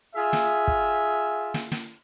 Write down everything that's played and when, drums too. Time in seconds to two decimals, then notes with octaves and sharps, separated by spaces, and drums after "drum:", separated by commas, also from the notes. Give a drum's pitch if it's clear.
0.15 F4 G#4 E5
0.33 drum: snare
0.67 drum: kick
1.54 drum: snare
1.72 drum: snare